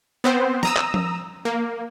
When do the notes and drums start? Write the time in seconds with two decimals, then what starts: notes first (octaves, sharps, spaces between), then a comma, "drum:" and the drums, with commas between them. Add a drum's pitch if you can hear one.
0.24 B3 C4 C5
0.63 A#5 D#6 E6, drum: snare
0.77 drum: clap
0.94 drum: tom F3
1.45 A#3